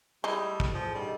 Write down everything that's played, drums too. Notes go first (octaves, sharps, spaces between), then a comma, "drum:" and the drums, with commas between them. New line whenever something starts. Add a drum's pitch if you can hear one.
G3 G#3 D#4 E4 D#5 G5
A3
drum: kick
F3 G#4
D3 D#3 G3